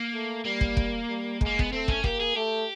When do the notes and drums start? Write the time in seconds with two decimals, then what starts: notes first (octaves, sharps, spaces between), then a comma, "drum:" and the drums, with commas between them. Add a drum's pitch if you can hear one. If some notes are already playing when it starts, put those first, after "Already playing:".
Already playing: A#3
0.14 A3
0.45 G3 A#3
0.61 drum: kick
0.77 drum: kick
1.09 G3
1.41 G#3, drum: kick
1.46 A#3
1.59 B3, drum: kick
1.72 A3 C4
1.88 C#4, drum: kick
2.04 A#3 G4, drum: kick
2.21 G#4
2.36 A3 G4